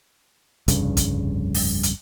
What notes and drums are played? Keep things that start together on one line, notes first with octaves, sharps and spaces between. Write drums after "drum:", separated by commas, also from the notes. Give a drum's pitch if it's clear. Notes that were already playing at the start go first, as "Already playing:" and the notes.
F1 C2 G2 C#3, drum: hi-hat
drum: kick, hi-hat
drum: open hi-hat
drum: hi-hat